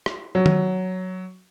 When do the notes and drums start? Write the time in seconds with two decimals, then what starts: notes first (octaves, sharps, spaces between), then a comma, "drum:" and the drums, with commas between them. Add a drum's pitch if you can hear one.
0.06 drum: rim click
0.35 F#3
0.46 drum: tom D#3